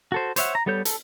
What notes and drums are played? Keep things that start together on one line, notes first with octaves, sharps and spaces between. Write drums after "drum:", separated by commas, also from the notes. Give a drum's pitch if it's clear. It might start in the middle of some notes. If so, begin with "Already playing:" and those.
F#4 A4 C5
C5 C#5 E5 F#5, drum: hi-hat
A#5
G3 B3 A4 C#5 G6
A4, drum: hi-hat